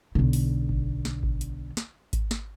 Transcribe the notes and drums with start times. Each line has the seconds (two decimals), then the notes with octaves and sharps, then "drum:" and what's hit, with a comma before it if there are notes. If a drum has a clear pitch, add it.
0.15 B1 D3
0.33 drum: open hi-hat
0.69 drum: kick G#1
1.05 drum: snare
1.23 drum: kick G#1
1.41 drum: hi-hat
1.77 drum: snare
2.13 drum: kick G#1, hi-hat
2.31 drum: snare